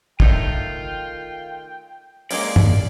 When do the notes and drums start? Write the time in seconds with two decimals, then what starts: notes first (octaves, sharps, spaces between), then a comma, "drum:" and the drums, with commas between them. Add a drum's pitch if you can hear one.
0.20 D#3 G3 A3 F4 G5, drum: kick
2.31 G#3 A#3 C#4 D5, drum: open hi-hat
2.56 drum: tom